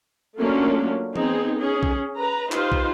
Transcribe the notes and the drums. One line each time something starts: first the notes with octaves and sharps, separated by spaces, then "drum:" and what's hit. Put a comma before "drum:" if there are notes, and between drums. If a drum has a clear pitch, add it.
F#3 A3 A#3 C#4 D4 F4
B3 C4 D#4 G#4, drum: tom E3
C#4 G#4
drum: kick
B4 A#5
D#4 F4 G4 B4 C5, drum: clap
drum: kick